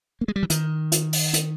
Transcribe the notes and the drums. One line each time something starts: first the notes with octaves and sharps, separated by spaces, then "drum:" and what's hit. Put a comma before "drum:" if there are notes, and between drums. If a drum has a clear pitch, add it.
A#3
G#3
G3
E3
D#3, drum: hi-hat
drum: hi-hat
drum: open hi-hat
drum: hi-hat